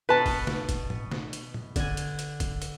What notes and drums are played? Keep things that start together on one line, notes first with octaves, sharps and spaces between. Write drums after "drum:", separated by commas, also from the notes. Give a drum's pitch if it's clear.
B2 B4 A5 C6
drum: kick, open hi-hat
drum: snare
drum: kick, hi-hat
drum: tom A2
drum: snare
drum: hi-hat
drum: tom A#2
D3 G#5, drum: kick, hi-hat
drum: hi-hat
drum: hi-hat
drum: kick, hi-hat
drum: hi-hat